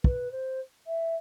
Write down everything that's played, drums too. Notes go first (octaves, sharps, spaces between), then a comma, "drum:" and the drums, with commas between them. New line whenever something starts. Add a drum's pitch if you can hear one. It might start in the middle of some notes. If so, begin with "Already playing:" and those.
B4, drum: kick
C5
E5